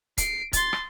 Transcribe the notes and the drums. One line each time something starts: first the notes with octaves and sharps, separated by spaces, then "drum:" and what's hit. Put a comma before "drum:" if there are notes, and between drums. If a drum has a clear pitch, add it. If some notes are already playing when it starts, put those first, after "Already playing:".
C7 D7, drum: kick C#1, hi-hat
C6 A6, drum: kick C#1, hi-hat
drum: rim click